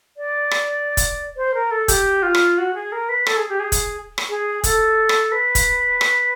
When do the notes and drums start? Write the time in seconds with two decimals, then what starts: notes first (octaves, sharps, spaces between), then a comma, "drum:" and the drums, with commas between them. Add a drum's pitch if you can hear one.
0.17 D5
0.51 drum: rim click
0.97 drum: kick, hi-hat
1.37 C5
1.54 A#4
1.71 A4
1.88 G4, drum: kick, hi-hat
2.23 F4
2.35 drum: rim click
2.58 F#4
2.74 G#4
2.92 A#4
3.09 B4
3.26 A4, drum: rim click
3.37 G#4
3.49 G4
3.60 G#4
3.72 drum: kick, hi-hat
4.18 drum: rim click
4.29 G#4
4.64 A4, drum: kick, hi-hat
5.09 drum: rim click
5.32 B4
5.55 drum: kick, hi-hat
6.01 drum: rim click